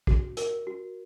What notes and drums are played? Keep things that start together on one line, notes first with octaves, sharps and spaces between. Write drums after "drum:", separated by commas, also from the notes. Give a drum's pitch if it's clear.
F#4, drum: kick
A#4, drum: hi-hat
F#4